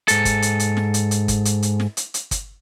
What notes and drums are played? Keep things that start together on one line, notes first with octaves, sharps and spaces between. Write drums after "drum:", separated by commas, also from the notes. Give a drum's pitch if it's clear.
G#2 A4, drum: hi-hat
drum: kick G1, hi-hat
drum: hi-hat
drum: hi-hat
drum: snare
drum: hi-hat
drum: hi-hat
drum: kick G1, hi-hat
drum: hi-hat
drum: hi-hat
drum: snare
drum: hi-hat
drum: hi-hat
drum: kick G1, hi-hat